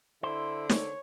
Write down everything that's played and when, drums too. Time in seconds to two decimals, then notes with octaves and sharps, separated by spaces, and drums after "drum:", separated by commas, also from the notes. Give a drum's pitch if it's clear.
0.23 D3 E4 C5
0.69 C#5, drum: snare